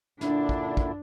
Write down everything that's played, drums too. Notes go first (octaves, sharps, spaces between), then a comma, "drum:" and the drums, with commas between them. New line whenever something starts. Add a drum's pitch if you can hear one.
A#2 D3 D4 E4, drum: snare
drum: kick
drum: kick